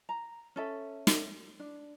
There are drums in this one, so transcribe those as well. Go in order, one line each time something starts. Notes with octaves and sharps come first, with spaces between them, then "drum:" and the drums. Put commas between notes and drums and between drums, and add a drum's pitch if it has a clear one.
A#5
C#4 A4 E5
drum: snare
D4